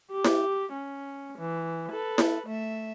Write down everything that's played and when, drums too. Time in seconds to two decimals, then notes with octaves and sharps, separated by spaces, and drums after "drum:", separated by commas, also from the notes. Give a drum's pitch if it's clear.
0.12 G4
0.24 drum: snare E4
0.73 C#4
1.38 E3
1.91 A4 B4
2.18 drum: snare E4
2.46 A3 E5